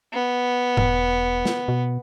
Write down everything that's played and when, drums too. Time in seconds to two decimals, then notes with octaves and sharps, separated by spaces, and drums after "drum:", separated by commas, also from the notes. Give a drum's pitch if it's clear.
0.13 B3
0.77 E1, drum: tom G#2
1.45 drum: snare
1.68 B2